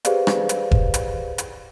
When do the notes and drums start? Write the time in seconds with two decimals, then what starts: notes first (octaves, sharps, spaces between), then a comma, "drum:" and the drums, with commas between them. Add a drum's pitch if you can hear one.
0.05 G4 G#4 B4 C5 D5 F5, drum: hi-hat
0.27 drum: rim click
0.49 drum: hi-hat
0.71 drum: kick E1
0.94 drum: hi-hat
1.38 drum: hi-hat